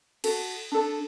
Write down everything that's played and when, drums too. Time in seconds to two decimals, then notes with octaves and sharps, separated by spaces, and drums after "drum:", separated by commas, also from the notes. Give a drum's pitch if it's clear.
0.24 F#4 A4, drum: cymbal
0.72 D4 A4